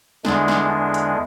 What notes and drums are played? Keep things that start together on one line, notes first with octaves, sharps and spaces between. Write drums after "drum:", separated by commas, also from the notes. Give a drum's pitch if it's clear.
E2 D3 G#3 D4, drum: snare
drum: snare
D4
drum: hi-hat